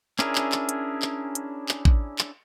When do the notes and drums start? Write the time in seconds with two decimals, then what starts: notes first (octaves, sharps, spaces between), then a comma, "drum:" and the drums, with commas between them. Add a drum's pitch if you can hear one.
0.19 C#4 D4 E4 G#4 A#4, drum: clap
0.35 drum: clap
0.52 drum: clap
0.69 drum: hi-hat
1.02 drum: clap
1.35 drum: hi-hat
1.69 drum: clap
1.85 drum: kick
2.19 drum: clap